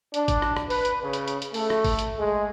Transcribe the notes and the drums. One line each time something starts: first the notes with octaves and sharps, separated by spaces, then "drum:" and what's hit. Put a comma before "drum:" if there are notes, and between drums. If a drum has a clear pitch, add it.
D4, drum: hi-hat
drum: kick G#1, hi-hat
drum: rim click
drum: rim click
B4, drum: open hi-hat
drum: hi-hat
C#3
drum: hi-hat
drum: hi-hat
drum: hi-hat
A3, drum: open hi-hat
drum: rim click
drum: kick G#1, open hi-hat
drum: hi-hat
G#3